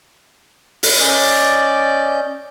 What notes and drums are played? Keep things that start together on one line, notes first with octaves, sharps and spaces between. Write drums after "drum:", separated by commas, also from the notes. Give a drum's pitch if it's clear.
drum: open hi-hat
C#4 D5 D#5 G6